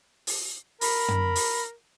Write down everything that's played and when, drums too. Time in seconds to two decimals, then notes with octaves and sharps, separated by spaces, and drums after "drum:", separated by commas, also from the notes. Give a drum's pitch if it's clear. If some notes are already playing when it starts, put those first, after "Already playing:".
0.27 drum: open hi-hat
0.81 A#4 B5, drum: open hi-hat
1.08 drum: tom
1.35 drum: open hi-hat